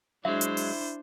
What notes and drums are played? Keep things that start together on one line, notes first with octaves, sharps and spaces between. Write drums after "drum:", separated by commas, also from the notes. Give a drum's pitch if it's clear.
F#3 G#3 D4 E4 C5 E5
drum: hi-hat
drum: open hi-hat